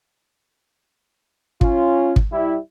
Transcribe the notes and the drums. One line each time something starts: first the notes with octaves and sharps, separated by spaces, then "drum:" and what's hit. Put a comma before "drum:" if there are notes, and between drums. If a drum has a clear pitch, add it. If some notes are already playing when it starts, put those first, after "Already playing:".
C#4 F4, drum: kick
drum: kick
G3 E4